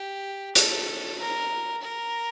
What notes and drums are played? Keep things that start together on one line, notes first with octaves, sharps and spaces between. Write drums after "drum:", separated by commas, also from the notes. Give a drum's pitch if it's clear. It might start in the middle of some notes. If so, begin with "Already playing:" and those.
Already playing: G4
A4, drum: hi-hat
A#4
A#4